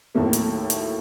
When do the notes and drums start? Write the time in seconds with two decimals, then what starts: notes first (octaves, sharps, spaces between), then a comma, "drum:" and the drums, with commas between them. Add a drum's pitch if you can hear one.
0.15 D#2 A2 F#3 A3 A#3
0.33 drum: hi-hat
0.70 drum: hi-hat